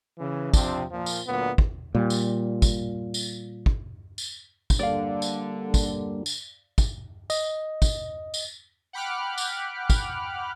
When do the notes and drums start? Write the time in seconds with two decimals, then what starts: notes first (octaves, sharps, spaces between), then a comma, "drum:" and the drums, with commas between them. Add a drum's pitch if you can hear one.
0.19 C#3 E3
0.54 C3 F3 C4 D4, drum: kick, tambourine
0.91 A#2 F3
1.06 drum: tambourine
1.27 D2 A#2 F#3 B3
1.58 drum: kick
1.95 A#2 G3
2.10 drum: tambourine
2.62 drum: kick, tambourine
3.14 drum: tambourine
3.66 drum: kick
4.18 drum: tambourine
4.70 drum: kick, tambourine
4.79 D3 G3 A#3 D4 D5 F5
5.22 drum: tambourine
5.74 drum: kick, tambourine
6.26 drum: tambourine
6.78 drum: kick, tambourine
7.30 D#5, drum: tambourine
7.82 drum: kick, tambourine
8.34 drum: tambourine
8.93 F#5 G5 B5 D6 F6 F#6
9.38 drum: tambourine
9.90 drum: kick, tambourine